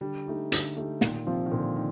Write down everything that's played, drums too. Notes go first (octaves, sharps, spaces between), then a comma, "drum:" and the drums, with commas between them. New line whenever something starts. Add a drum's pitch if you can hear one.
D3 G3
A3 D#4 G4
D3, drum: hi-hat
A3 D#4 G4
A#2 D#3, drum: snare
C3 F3 C4 F4
D#3
A#2 D3
D#3